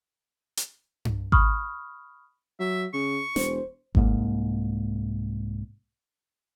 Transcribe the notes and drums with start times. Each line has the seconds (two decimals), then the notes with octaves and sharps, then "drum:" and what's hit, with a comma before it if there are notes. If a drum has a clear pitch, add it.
0.57 drum: hi-hat
1.05 drum: tom G2
1.32 B5 C#6 D#6 F6, drum: kick G#1
2.60 F#3 E5
2.94 C#3 C#6
3.36 E1 C5, drum: snare
3.95 C2 G#2 A#3, drum: kick G#1